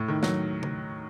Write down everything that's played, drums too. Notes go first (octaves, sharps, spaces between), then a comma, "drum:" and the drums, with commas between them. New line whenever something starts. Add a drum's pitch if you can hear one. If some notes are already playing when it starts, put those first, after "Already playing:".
Already playing: A2
D#3
F#3, drum: snare
drum: tom C#3